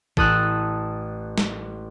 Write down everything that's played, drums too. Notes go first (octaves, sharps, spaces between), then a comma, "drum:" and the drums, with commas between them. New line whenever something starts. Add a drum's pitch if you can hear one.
A1 A4 D#6 F#6, drum: kick
drum: snare